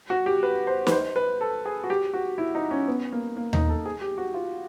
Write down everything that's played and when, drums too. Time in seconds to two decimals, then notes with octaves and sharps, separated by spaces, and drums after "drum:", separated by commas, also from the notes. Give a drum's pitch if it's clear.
0.10 F#4
0.26 G4
0.43 B4
0.67 C5
0.87 B4, drum: snare
0.92 C5
1.16 B4
1.41 A4
1.66 G#4
1.84 F#4
1.90 G4
2.14 F#4
2.38 E4
2.55 D#4
2.71 C#4
2.87 B3
3.12 A#3
3.37 A#3
3.53 D#4, drum: tom D#2
3.69 A4
3.86 G#4
4.01 G4
4.18 F#4
4.34 F4